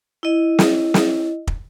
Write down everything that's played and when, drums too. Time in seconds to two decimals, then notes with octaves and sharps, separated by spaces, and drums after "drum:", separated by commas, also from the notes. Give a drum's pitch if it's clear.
0.23 E4 D#5
0.59 drum: snare
0.94 drum: snare
1.47 drum: kick